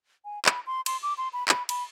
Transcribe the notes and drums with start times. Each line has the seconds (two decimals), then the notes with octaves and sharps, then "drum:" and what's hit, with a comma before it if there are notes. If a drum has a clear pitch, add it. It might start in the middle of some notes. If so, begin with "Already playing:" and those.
0.25 G#5
0.45 B5, drum: clap
0.67 C6
0.86 C6, drum: cymbal
1.03 D6
1.18 C6
1.33 B5
1.49 B5, drum: clap
1.69 B5, drum: cymbal